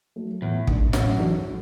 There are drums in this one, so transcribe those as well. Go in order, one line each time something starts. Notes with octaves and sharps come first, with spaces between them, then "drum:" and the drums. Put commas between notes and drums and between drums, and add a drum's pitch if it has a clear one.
F#3 A3
E2 A2
A3 D4, drum: kick
F#2 A2, drum: snare
E3 D4 F#4 A4
F#3